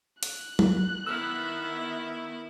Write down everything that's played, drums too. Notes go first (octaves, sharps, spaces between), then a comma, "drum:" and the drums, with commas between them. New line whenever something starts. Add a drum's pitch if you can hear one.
F#6, drum: hi-hat
drum: tom F#3
D#3 B3 E4 E5 E6 F6